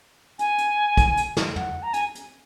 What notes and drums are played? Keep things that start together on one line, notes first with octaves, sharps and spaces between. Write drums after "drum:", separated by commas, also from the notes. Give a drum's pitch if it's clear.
G#5, drum: hi-hat
drum: hi-hat
drum: kick, hi-hat
drum: hi-hat
drum: snare
F#5, drum: tom
A#5
G#5, drum: hi-hat
drum: hi-hat